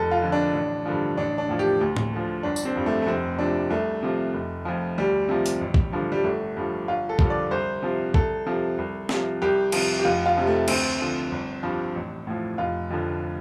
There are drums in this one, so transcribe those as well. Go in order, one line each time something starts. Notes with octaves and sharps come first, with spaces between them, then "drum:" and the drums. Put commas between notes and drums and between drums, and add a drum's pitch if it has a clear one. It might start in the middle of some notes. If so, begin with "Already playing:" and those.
Already playing: F1 A4
F4
F2 D3
D4
A1
G2 D3 F3
A1 D4
D4
A2 F3
G4
D2
drum: tom A2
D3 F3
G1 D4
drum: tambourine
C4
G2 F3
A3
A3
F1 C4
F2 C3 D4
C2 A3
C3 F3
F1
F2 F3
D2 G3
C3 F3
drum: hi-hat
A1
drum: kick B1
G2 D3 F3
G3
G1 A3
G2 F3
G1 F4
A4
G2 D3 F3, drum: kick B1
D5
C2 C5
C3 F3
C2 A4, drum: kick B1
C3 F3
C2
C3 F3, drum: snare
C2 G4
C3 F3, drum: cymbal
G4
F1 F4
F4
F2 C3 F3
A3
D2 C4, drum: cymbal
D3 F3
G1
G2 F3
A1
A2 F3
F1 F4
F2 D3 F3